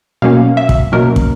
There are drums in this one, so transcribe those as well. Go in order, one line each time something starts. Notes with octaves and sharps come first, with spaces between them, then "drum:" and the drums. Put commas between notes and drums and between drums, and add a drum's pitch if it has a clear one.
B2 F#3 A#3 C#4 F5
E5
drum: kick
B2 F#3 A#3 C#4 A#4
drum: kick